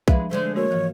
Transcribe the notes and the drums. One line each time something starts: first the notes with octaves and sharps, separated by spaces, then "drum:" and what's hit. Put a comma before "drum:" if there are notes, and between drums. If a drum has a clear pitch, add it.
F3 G#3 D4 B4 E5 F5, drum: kick B1
D3 G#3 A3 C5
A#3 F#4 A#4 C#5
G#2 E3 F3 F4